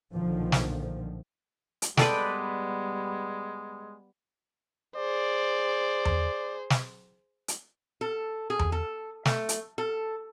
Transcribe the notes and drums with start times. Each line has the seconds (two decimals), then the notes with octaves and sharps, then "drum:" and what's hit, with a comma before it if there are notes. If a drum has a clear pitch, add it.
0.14 B1 A#2 D3 D#3 F3
0.52 drum: snare
1.82 drum: hi-hat
1.97 G3 G#3 B3 A4 B4 D5 G5, drum: snare
4.96 G#4 C5 D5
6.05 drum: tom E2
6.70 drum: snare
7.48 drum: hi-hat
8.01 A4
8.50 G#4
8.59 drum: tom E2
8.72 A4
9.25 A3, drum: snare
9.49 drum: hi-hat
9.78 A4